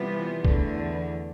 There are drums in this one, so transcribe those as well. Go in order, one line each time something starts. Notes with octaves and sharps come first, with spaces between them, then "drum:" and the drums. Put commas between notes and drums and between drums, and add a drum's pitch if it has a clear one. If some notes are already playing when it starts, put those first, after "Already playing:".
Already playing: C3 E3 G3 B3 F4
E2 D3 A3, drum: kick B1